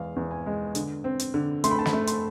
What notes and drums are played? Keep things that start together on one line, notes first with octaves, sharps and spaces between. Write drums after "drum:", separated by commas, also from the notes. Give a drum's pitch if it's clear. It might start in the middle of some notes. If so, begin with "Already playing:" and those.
Already playing: E2 G#3 F5
E2
G#5
G#3
D3, drum: hi-hat
C4
drum: hi-hat
D3
A3 C6, drum: hi-hat
B5
A5
B5, drum: snare
A3
C6, drum: hi-hat